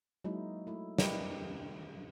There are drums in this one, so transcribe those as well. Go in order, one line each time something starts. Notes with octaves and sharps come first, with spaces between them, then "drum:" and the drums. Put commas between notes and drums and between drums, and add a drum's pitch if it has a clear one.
F#3 G#3 A#3 D#4 E4
A3 E4
G3 E4 G4 A#4 B4 D#5, drum: snare
C4 D4